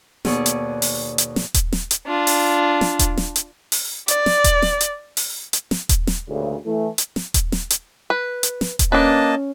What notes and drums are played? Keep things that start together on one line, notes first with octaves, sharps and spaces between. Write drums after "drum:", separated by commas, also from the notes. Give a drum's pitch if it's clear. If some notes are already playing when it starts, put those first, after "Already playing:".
D#2 B2 G#4 D5 C#6, drum: snare
drum: hi-hat
drum: open hi-hat
drum: hi-hat
drum: snare
drum: kick D#1, hi-hat
drum: snare
drum: hi-hat
D4 F4
drum: open hi-hat
drum: snare
drum: kick D#1, hi-hat
drum: snare
drum: hi-hat
drum: open hi-hat
D5, drum: hi-hat
drum: snare
drum: kick D#1, hi-hat
drum: snare
drum: hi-hat
drum: open hi-hat
drum: hi-hat
drum: snare
drum: kick D#1, hi-hat
drum: snare
D2 G2 A#2 C#3
E3 A3
drum: hi-hat
drum: snare
drum: kick D#1, hi-hat
drum: snare
drum: hi-hat
B4
drum: hi-hat
drum: snare
drum: kick D#1, hi-hat
A#3 C#4 D4 B4 D#5 A5